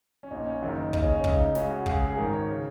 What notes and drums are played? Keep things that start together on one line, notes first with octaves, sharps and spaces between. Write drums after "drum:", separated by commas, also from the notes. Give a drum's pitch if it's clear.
C#4
A#1 A#2 D#4
C#4
F#1 F#2 D#3 D#4
D#4
D#2 C#3 D#4, drum: kick
C#4
C#4
C#2 C#3 D#4, drum: kick
D#4
C#2 C#3 C#4, drum: snare
F#4
C#2 C#3 G#4, drum: kick
G#4
G#1 G#2 D#3 A#4
C#5
C#3